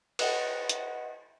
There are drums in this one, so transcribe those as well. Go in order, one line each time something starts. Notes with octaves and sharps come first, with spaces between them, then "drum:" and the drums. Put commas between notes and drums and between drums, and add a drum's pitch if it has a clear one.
B4 D#5 F#5, drum: cymbal
drum: hi-hat